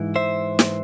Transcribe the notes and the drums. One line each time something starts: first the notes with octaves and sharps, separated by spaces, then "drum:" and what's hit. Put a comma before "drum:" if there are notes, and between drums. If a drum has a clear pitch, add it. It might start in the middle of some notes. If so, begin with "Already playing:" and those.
Already playing: G#2 E3
C5 E5
drum: snare